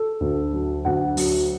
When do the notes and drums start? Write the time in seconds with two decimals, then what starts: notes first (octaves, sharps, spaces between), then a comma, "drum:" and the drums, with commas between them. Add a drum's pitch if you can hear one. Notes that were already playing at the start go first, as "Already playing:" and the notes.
Already playing: A4
0.20 D2
0.53 F#3
0.85 D2 F#5
1.17 F#3, drum: open hi-hat